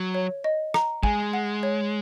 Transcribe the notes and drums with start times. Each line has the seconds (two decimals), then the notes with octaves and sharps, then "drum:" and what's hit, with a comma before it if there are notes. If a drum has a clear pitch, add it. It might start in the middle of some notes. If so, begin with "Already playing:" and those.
Already playing: F#3
0.15 C#5
0.44 D#5
0.74 A#5, drum: rim click
1.03 G#3 G#5, drum: kick
1.33 F#5
1.63 C#5